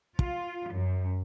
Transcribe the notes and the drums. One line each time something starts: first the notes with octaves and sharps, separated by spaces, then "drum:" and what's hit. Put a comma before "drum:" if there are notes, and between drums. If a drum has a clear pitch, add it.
F4, drum: kick
F#2